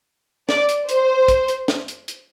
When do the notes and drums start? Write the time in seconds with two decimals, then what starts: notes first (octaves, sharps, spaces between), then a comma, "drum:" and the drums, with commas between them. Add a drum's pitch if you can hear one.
0.49 D5, drum: snare
0.69 drum: hi-hat
0.89 C5, drum: hi-hat
1.28 drum: kick, hi-hat
1.48 drum: hi-hat
1.68 drum: snare
1.88 drum: hi-hat
2.08 drum: hi-hat